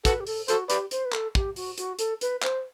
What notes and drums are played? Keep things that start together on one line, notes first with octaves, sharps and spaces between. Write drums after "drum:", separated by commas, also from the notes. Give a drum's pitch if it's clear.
F#4 A4 B4, drum: kick, hi-hat
G4
A4, drum: open hi-hat
F#4 A4 C5, drum: hi-hat
G4 B4 D5, drum: hi-hat
C5, drum: hi-hat
B4
A4, drum: clap
G4, drum: kick
F#4, drum: open hi-hat
F#4, drum: hi-hat
A4, drum: hi-hat
B4, drum: hi-hat
C5, drum: clap